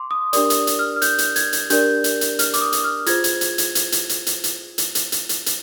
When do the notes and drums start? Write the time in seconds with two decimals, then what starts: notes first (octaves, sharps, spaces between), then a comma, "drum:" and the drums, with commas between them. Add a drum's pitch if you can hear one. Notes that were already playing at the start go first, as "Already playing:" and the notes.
Already playing: C6 D6
0.11 D#6
0.33 D4 G4 A#4 D5 D#6, drum: hi-hat
0.50 drum: hi-hat
0.67 drum: hi-hat
0.79 F6
0.96 F6
1.02 G6, drum: hi-hat
1.18 drum: hi-hat
1.36 G#6, drum: hi-hat
1.53 drum: hi-hat
1.70 D4 G4 A#4 D5 G6, drum: hi-hat
2.04 drum: hi-hat
2.21 drum: hi-hat
2.39 F6, drum: hi-hat
2.54 D6, drum: hi-hat
2.61 D#6
2.72 drum: hi-hat
2.84 F6
3.06 F4 G#4 C5 G#6, drum: hi-hat
3.24 drum: hi-hat
3.41 drum: hi-hat
3.58 drum: hi-hat
3.75 drum: hi-hat
3.92 drum: hi-hat
4.09 drum: hi-hat
4.27 drum: hi-hat
4.44 drum: hi-hat
4.78 drum: hi-hat
4.95 drum: hi-hat
5.12 drum: hi-hat
5.29 drum: hi-hat
5.46 drum: hi-hat